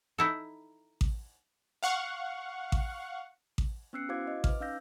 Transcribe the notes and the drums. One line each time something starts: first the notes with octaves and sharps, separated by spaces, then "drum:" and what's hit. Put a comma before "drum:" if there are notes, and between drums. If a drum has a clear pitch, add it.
D#4 E4 A4
drum: kick A1
F5 F#5 C#6
drum: kick A1
drum: kick A1
B3 C#4 E6 F#6 C7 C#7
E4 F#4 C5 F5 D6 G#6
D#5
B4 D6 F6, drum: kick A1
C#4 D#4 F5 E6 G6 A#6